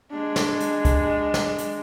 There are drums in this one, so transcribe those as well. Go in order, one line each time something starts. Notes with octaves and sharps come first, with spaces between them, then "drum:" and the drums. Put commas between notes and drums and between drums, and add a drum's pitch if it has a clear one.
G#3 D4
drum: snare
drum: hi-hat
drum: kick C2, hi-hat
drum: snare
drum: hi-hat